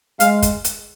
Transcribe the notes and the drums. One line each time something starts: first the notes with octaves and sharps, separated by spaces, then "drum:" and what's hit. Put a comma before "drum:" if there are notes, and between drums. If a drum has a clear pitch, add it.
G#3 F5, drum: hi-hat
drum: kick, hi-hat
drum: hi-hat